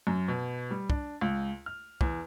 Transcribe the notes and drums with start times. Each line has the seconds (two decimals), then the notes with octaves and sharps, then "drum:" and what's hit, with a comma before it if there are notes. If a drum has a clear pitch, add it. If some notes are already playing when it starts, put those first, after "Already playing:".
0.07 F#2
0.28 B2
0.71 G3
0.90 D4, drum: kick
1.21 C#2
1.66 F6
2.01 E2, drum: kick